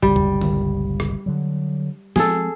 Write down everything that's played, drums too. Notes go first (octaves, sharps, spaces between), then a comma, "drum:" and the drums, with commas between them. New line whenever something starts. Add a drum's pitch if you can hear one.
G1 C#2 A#2 G3
drum: kick C#2
drum: tom D3
drum: rim click
D3 F#3
F3 G#3 C4 G#4 A4, drum: snare